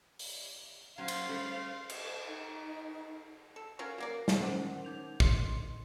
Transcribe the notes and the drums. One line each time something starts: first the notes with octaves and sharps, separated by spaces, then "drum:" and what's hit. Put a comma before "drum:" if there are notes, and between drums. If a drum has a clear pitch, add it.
drum: open hi-hat
A#2 F#3 C#4 C5 F5
drum: cymbal
G3 A3 C#4
drum: cymbal
D#4
A4
C#4 F4 F#4 A#4
F#3 A#3 D5
drum: snare
D#3 C#4 A#4 C5 F#5 D6
D#4 G6 F7
D#5 C6, drum: kick